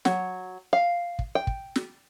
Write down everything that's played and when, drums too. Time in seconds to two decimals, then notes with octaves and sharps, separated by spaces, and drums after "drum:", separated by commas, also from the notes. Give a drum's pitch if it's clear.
0.05 F#3, drum: snare
0.73 F5
1.19 drum: kick
1.35 G5
1.47 drum: kick
1.76 drum: snare